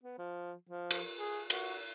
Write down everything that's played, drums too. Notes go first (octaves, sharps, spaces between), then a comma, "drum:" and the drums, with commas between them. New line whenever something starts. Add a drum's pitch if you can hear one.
B3
F3
F3
drum: cymbal
G#4
F#4, drum: cymbal